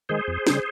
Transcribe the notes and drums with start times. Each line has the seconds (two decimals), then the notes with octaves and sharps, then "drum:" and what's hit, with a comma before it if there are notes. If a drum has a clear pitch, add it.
0.09 D#3 G#3 G#4 C5
0.28 F2
0.47 C#3 G3 C4, drum: snare